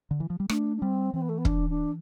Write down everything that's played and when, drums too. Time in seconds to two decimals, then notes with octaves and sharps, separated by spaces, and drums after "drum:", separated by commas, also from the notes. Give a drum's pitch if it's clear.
0.11 D3
0.20 E3
0.30 F3
0.40 G3
0.49 A3 D4, drum: rim click
0.76 D4
0.81 G3 C4
1.14 E3 C4
1.21 B3
1.28 A3
1.37 B3
1.45 D4, drum: kick
1.69 D4